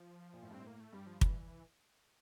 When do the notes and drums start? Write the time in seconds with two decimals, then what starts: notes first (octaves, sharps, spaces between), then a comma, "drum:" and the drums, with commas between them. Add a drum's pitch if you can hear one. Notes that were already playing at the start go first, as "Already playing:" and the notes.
Already playing: F3
0.33 A#2
0.42 A2
0.51 G2 C4
0.60 A2
0.67 A#3
0.80 A3
0.93 G2 G3
1.07 F3
1.21 E3, drum: kick